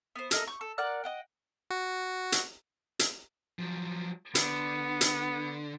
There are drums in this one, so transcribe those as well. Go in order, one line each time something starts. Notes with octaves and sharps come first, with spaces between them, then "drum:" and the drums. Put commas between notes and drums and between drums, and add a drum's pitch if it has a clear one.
B3 C5
A4 A#4 D#5, drum: hi-hat
C#6 G6
A4
A#4 D5 F#5 F#6
D#5 F#5 G5
F#4
drum: hi-hat
drum: hi-hat
F3 F#3
D3 B3, drum: hi-hat
drum: hi-hat